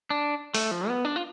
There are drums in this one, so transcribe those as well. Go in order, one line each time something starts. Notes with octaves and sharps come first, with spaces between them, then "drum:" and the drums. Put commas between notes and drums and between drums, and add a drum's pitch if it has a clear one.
D4
A3, drum: open hi-hat
F3
B3
D4
F4